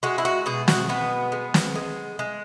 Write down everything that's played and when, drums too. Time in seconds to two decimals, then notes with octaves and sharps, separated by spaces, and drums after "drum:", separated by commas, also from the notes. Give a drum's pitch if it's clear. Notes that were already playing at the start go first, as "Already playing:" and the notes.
0.03 G#3 F#4
0.18 E4
0.25 F#4
0.46 B2 G#4
0.68 F#4, drum: snare
0.89 G#3 B3
1.32 G#3
1.54 drum: snare
1.75 G#3
2.19 G#3